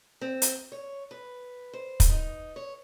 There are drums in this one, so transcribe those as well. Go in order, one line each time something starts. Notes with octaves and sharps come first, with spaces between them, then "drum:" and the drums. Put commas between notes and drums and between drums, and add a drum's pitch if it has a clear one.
C4
drum: hi-hat
C#5
B4
C5
drum: kick, hi-hat
D#4
C#5